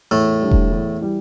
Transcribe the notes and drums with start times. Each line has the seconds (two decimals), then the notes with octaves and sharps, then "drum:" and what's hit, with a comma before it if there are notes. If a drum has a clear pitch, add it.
0.11 E2 A2 A3
0.41 D3 G3
0.51 drum: kick E1
0.71 E2
1.01 E3 G3